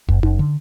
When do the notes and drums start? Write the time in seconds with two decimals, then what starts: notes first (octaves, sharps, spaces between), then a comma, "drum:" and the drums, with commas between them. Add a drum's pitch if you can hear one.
0.09 F#2, drum: kick F#1
0.23 F#2, drum: tom D#4
0.39 D3